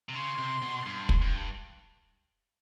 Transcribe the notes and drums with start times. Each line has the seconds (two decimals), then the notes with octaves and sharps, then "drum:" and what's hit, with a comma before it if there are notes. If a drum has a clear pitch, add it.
0.09 C3
0.15 C#3 C6
0.38 C3
0.62 B2
0.86 G2
1.09 drum: kick
1.22 G2